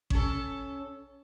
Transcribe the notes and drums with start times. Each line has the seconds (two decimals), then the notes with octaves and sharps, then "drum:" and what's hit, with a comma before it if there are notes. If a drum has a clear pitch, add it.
0.10 C#4 A4, drum: kick A1